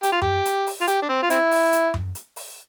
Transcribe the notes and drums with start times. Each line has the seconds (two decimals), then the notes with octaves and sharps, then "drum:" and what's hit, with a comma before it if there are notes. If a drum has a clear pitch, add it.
0.03 G4, drum: hi-hat
0.12 F4
0.21 G4, drum: tom F#2
0.45 drum: hi-hat
0.67 drum: open hi-hat
0.81 F4
0.87 G4, drum: hi-hat
1.02 D4
1.09 C4
1.22 F4
1.30 C4 E4, drum: hi-hat
1.51 drum: open hi-hat
1.73 drum: hi-hat
1.94 drum: tom F#2
2.15 drum: hi-hat
2.36 drum: open hi-hat